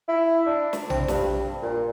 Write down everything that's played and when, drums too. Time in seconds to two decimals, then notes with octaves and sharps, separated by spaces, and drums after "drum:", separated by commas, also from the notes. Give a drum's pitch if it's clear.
0.08 E4
0.46 D4
0.73 drum: snare
0.90 C4, drum: tom A#1
1.08 G2, drum: snare
1.62 A#2